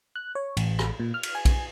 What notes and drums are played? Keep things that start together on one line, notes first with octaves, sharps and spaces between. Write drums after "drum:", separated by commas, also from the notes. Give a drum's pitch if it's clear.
F#6
C#5
A1, drum: cymbal
drum: rim click
A#2
F6
drum: cymbal
G#5
drum: kick, cymbal